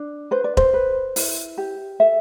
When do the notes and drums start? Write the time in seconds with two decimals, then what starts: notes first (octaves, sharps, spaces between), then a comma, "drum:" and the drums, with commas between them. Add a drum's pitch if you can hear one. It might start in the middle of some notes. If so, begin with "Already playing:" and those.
Already playing: D4
0.31 B4 C5
0.44 D5
0.57 C5, drum: kick E1
0.73 B4
1.16 E4, drum: open hi-hat
1.58 G4
2.00 A4 E5